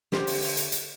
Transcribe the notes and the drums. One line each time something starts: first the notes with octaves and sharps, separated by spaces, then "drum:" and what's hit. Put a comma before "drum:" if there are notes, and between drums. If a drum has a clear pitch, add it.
D3 G4 C5, drum: snare
drum: open hi-hat
drum: open hi-hat
drum: hi-hat
drum: hi-hat